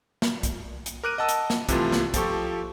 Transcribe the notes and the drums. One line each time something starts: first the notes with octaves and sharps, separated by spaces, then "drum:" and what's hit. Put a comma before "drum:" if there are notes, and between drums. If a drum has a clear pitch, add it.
drum: snare
drum: kick, hi-hat
drum: hi-hat
A#4 D6 F#6 D7 D#7
D#5 F#5 A5 E6
drum: hi-hat
drum: snare
C3 E3 F3 A3 F4, drum: kick, hi-hat
drum: snare
F3 G4 A4 C#6, drum: kick, hi-hat